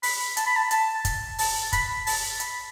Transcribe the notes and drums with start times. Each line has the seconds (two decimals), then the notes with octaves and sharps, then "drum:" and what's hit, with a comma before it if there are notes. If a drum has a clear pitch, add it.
0.03 B5, drum: open hi-hat
0.37 A5, drum: hi-hat
0.46 B5
0.56 A5
0.71 A5, drum: hi-hat
1.05 drum: kick, hi-hat
1.38 A5, drum: open hi-hat
1.73 B5, drum: kick, hi-hat
2.07 A5, drum: open hi-hat
2.40 B5, drum: hi-hat